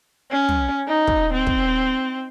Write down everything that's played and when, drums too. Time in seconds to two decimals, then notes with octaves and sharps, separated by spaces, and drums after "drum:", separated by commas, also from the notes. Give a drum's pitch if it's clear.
0.32 C#4
0.49 drum: tom
0.88 D#4
1.07 drum: kick
1.34 C4
1.47 drum: kick